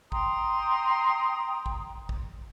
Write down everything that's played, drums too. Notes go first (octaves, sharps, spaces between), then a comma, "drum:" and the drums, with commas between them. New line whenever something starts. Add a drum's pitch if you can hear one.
G5 A#5 C6 D#6, drum: kick
drum: kick
drum: kick